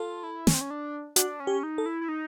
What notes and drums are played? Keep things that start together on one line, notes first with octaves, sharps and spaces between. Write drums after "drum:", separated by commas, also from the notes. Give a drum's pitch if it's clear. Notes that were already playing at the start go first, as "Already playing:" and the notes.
Already playing: F4 A4
E4
C#4, drum: snare
C4
C#4
D4
D4 F#4, drum: hi-hat
C#4
G4
D#4
A4
E4
E4
D#4